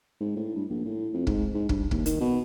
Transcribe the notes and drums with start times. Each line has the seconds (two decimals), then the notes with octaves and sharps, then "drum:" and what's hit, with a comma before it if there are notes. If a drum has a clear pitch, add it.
0.21 G#2
0.36 A2
0.56 G2
0.70 A#1
0.85 A2
1.14 F2
1.27 G#2, drum: kick
1.55 G#2
1.69 G2, drum: kick
1.91 D#2, drum: kick
2.06 D#3, drum: hi-hat
2.21 B2